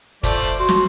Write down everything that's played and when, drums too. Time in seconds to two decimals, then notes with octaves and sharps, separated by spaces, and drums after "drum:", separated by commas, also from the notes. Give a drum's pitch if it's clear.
0.23 F3 A3 C5 D5, drum: kick, hi-hat
0.60 F#4 C6
0.69 drum: snare